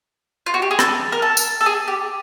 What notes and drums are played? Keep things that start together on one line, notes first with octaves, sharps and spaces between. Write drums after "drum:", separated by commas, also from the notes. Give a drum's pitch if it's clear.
F4
F#4
G4
G#4
A4, drum: rim click
A#4
A4
drum: tambourine
A4
G#4
G4